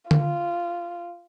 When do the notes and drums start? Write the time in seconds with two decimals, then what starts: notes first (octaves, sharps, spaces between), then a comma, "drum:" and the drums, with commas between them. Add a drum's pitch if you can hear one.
0.11 F4, drum: tom D3